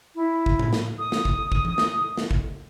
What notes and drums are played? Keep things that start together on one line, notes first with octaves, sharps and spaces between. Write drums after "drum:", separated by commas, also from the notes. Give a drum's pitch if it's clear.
E4
drum: kick
drum: tom A2
drum: snare
D#6
drum: snare
drum: kick
drum: kick
drum: tom E3
drum: snare
drum: snare
drum: kick